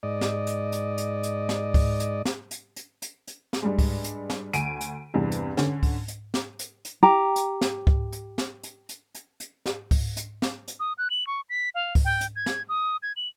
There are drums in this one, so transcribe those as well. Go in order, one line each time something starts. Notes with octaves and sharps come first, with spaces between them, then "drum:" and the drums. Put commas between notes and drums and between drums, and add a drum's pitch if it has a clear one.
G#2 D5 D#5
drum: snare
drum: hi-hat
drum: hi-hat
drum: hi-hat
drum: hi-hat
drum: snare
drum: kick C#2, open hi-hat
drum: hi-hat
drum: snare
drum: hi-hat
drum: hi-hat
drum: hi-hat
drum: hi-hat
drum: snare
G2 G3 G#3
drum: kick C#2, open hi-hat
drum: hi-hat
drum: snare
D2 G#5 D7 D#7, drum: hi-hat
drum: hi-hat
E2 G2 C3
drum: hi-hat
D3 C#4, drum: snare
drum: kick C#2, open hi-hat
drum: hi-hat
drum: snare
drum: hi-hat
drum: hi-hat
G4 A#5
drum: hi-hat
drum: snare
drum: kick C#2
drum: hi-hat
drum: snare
drum: hi-hat
drum: hi-hat
drum: hi-hat
drum: hi-hat
drum: snare
drum: kick C#2, open hi-hat
drum: hi-hat
drum: snare
drum: hi-hat
D#6
F#6
F#7
C#6
B6
F5
drum: kick C#2, open hi-hat
G5
drum: hi-hat
G#6
drum: snare
D#6
G#6
F#7